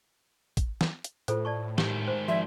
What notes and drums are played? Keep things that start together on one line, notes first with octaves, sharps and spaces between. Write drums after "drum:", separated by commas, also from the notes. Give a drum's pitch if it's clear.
drum: kick A1, hi-hat
drum: snare
drum: hi-hat
A2 F4 A4 C5, drum: hi-hat
D5 A5 C#6
G#2 D#3 G4, drum: snare
C5
F3 F#4 D5 E5